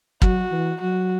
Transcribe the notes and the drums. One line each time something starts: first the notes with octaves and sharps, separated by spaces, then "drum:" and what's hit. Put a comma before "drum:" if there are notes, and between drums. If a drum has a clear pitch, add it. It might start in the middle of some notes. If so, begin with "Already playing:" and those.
F#3 F#4, drum: kick
E3
F#3 F#4